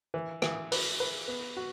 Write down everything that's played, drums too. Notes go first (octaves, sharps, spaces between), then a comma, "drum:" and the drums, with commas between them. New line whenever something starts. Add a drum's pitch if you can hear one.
E3
E3, drum: rim click
B4, drum: open hi-hat
B4
B3
F#4